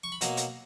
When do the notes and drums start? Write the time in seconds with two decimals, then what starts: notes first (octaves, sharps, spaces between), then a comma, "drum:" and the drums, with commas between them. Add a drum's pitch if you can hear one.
0.04 C#6
0.12 B5
0.21 B2 F#3 A#3 A#5, drum: hi-hat
0.37 drum: hi-hat